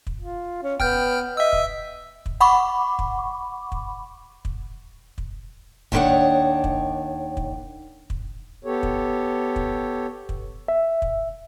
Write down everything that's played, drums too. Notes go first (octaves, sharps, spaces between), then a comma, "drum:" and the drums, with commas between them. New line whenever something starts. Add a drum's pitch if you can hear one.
drum: kick
F4
C#4
B3 G5 F6 G6, drum: kick
D#5 E5 E6
drum: kick
drum: kick
F#5 B5 C#6 D6
drum: kick
drum: kick
drum: kick
drum: kick
D#2 D#3 D4 B4 C#5 F#5, drum: kick
drum: kick
drum: kick
drum: kick
B3 G4 A4 C#5
drum: kick
drum: kick
drum: kick
E5
drum: kick